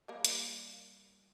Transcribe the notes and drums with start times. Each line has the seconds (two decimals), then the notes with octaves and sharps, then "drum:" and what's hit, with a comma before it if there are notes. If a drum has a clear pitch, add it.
0.08 G3 A#3
0.25 drum: hi-hat